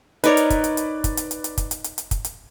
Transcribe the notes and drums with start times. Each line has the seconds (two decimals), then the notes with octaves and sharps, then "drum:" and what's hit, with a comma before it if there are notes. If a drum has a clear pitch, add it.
0.24 D#4 A#4 B4 C#5 D5, drum: hi-hat
0.37 drum: hi-hat
0.50 drum: kick, hi-hat
0.64 drum: hi-hat
0.77 drum: hi-hat
1.04 drum: kick, hi-hat
1.17 drum: hi-hat
1.31 drum: hi-hat
1.44 drum: hi-hat
1.58 drum: kick, hi-hat
1.71 drum: hi-hat
1.84 drum: hi-hat
1.98 drum: hi-hat
2.11 drum: kick, hi-hat
2.25 drum: hi-hat